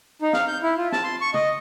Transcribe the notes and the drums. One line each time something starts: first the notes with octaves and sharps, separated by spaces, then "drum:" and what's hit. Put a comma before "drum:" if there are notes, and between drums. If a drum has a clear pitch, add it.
D#4
F5, drum: snare
G6
E4
F4
A5, drum: snare
C6
C#6
D#5, drum: tom